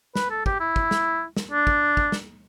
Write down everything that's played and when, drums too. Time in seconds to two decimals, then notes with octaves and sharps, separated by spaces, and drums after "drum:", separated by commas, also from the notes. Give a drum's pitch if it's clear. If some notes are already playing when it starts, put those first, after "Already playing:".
0.16 B4, drum: snare
0.30 A4
0.46 G4, drum: kick
0.60 E4
0.76 drum: kick
0.91 drum: snare
1.37 drum: snare
1.52 D4
1.67 drum: kick
1.97 drum: kick
2.12 drum: snare